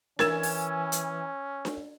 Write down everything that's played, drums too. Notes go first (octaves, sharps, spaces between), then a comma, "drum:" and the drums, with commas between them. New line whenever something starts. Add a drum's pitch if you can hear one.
E3 C#4 A#4 E6 G#6 E7, drum: snare D4
drum: open hi-hat
drum: hi-hat
drum: snare D4